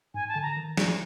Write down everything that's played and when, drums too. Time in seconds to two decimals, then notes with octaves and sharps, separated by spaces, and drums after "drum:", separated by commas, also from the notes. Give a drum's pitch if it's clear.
0.14 G#2 G#5
0.28 A5
0.36 D3
0.42 A#5
0.57 D#3
0.77 drum: snare